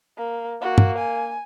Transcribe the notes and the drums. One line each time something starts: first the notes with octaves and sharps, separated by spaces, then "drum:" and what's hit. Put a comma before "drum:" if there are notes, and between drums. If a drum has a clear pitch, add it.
A#3
A#3 F#4
drum: tom
G#5